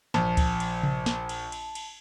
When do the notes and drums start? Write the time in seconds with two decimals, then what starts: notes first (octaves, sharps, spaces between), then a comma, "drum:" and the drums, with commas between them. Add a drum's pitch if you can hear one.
0.14 A#1 A5, drum: snare
0.37 drum: kick C#2, cymbal
0.60 drum: cymbal
0.83 drum: tom C3
1.06 drum: snare
1.29 drum: cymbal
1.52 drum: cymbal
1.75 drum: cymbal